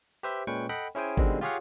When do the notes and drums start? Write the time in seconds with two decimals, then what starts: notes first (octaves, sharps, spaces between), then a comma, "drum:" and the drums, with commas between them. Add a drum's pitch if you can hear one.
0.23 G4 B4 C5 E5
0.47 A#2 G#3 C#4 B4 G5 C#6
0.69 A4 D#5 F#5 G5 B5
0.95 C#4 E4 G#4 C5 G5 G#5
1.17 B2 D3 D#3 G3 G#3 C4, drum: kick G#1
1.41 F4 G4 G#4 C#5 F5 F#5